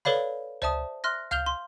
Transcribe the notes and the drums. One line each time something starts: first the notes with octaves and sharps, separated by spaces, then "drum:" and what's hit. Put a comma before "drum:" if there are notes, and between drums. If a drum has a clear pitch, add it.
A4 B4 C#5 D5 F5 B5, drum: snare
C5 D5 E5 A5 D#6, drum: tom C#2
E5 C6 F6 F#6 A#6
F5 F6 G6 F7 G7, drum: tom C#2
C6